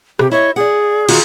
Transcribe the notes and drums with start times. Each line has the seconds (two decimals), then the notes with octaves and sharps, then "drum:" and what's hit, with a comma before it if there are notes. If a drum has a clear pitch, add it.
0.19 C3 G4, drum: rim click
0.31 E4 C#5 D#5 E5
0.56 G#4 D5 F#5
1.09 D#3 F4 F#4, drum: cymbal